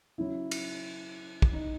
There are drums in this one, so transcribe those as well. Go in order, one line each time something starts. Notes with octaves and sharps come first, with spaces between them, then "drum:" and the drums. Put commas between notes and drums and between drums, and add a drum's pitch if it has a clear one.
C#3 F#3 E4
drum: cymbal
drum: kick
D#4